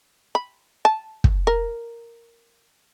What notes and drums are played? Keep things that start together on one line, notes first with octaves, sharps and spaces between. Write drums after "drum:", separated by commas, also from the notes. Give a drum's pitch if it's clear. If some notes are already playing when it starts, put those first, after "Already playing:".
B5
A5
drum: kick
A#4